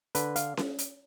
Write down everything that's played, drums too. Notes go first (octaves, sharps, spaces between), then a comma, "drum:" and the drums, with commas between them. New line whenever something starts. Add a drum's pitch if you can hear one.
D3 B4, drum: hi-hat
F5, drum: hi-hat
drum: snare C#4
drum: hi-hat